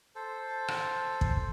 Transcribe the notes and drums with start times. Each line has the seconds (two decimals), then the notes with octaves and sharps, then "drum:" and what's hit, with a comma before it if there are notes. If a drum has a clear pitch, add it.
0.16 A4 C5
0.68 drum: rim click
1.21 drum: kick